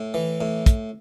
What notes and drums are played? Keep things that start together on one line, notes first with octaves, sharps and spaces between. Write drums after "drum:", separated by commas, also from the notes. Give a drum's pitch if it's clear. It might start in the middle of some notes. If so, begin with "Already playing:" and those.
Already playing: A2
E3
A2
drum: kick, hi-hat